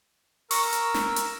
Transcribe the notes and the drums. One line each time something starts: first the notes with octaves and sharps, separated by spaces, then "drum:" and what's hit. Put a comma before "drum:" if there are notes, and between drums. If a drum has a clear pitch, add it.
A#4 C#6 E6, drum: open hi-hat
drum: hi-hat
drum: snare
drum: hi-hat